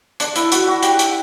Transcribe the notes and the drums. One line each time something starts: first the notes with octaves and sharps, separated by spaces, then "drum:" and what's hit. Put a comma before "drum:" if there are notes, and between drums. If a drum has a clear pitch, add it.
D4, drum: hi-hat
E4, drum: hi-hat
F#4, drum: hi-hat
F#4
G4, drum: hi-hat
drum: hi-hat